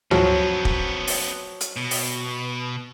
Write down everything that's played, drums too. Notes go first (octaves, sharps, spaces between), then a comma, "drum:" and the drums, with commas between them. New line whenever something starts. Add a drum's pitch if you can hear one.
F3 F#3 B3 C4, drum: tom
drum: kick
drum: open hi-hat
drum: hi-hat
B2
drum: open hi-hat